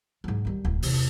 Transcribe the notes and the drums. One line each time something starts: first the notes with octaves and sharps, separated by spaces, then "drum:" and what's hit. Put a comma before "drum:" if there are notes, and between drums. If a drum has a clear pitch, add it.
G#2 F#3
D#3 G3
D1
E2 C3, drum: open hi-hat